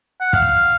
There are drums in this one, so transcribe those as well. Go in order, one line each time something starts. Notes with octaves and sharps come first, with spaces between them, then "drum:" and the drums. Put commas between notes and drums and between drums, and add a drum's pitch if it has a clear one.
F#5
F5, drum: kick